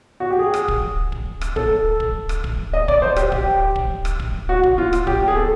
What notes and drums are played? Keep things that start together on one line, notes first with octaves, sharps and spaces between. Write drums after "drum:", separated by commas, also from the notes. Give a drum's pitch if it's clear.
F#4
G4
G#4
drum: rim click
drum: kick
drum: kick
drum: rim click
A4, drum: kick
drum: kick
drum: rim click
drum: kick
D#5
D5, drum: kick
C5
G4, drum: rim click
G4, drum: kick
drum: kick
drum: rim click
drum: kick
F#4
drum: kick
F4
drum: rim click
G4, drum: kick
G#4
A4